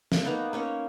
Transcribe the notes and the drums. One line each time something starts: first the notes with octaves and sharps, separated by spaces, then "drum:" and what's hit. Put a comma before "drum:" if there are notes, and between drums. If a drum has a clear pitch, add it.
A3 A#3, drum: snare
A#3 B3 D#4 A#5
A#3 C#4 C#5